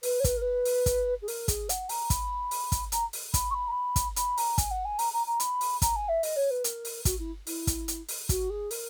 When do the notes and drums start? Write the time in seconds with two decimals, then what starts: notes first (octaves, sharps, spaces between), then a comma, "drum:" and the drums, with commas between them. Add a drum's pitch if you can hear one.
0.03 B4, drum: open hi-hat
0.20 C#5
0.24 B4, drum: kick, hi-hat
0.37 A#4
0.41 B4
0.65 drum: open hi-hat
0.86 drum: kick, hi-hat
1.22 G#4
1.28 A#4, drum: open hi-hat
1.48 G#4, drum: kick, hi-hat
1.69 F#5, drum: hi-hat
1.89 A#5, drum: open hi-hat
2.10 B5, drum: kick, hi-hat
2.51 drum: open hi-hat
2.72 drum: kick, hi-hat
2.92 A#5, drum: hi-hat
3.13 drum: open hi-hat
3.34 B5, drum: kick, hi-hat
3.51 C#6
3.54 B5
3.68 A#5
3.71 B5
3.96 drum: kick, hi-hat
4.16 B5, drum: hi-hat
4.38 A#5, drum: open hi-hat
4.58 G#5, drum: kick, hi-hat
4.71 F#5
4.85 G#5
4.99 A#5, drum: open hi-hat
5.13 A#5
5.27 A#5
5.40 B5, drum: hi-hat
5.61 drum: open hi-hat
5.82 A#5, drum: kick, hi-hat
5.96 G#5
6.09 E5
6.23 D#5, drum: open hi-hat
6.36 C#5
6.50 B4
6.64 A#4, drum: hi-hat
6.85 drum: open hi-hat
7.05 F#4, drum: kick, hi-hat
7.19 E4
7.47 E4, drum: open hi-hat
7.67 drum: kick, hi-hat
7.88 drum: hi-hat
8.09 drum: open hi-hat
8.29 F#4, drum: kick, hi-hat
8.50 G#4
8.71 A#4, drum: open hi-hat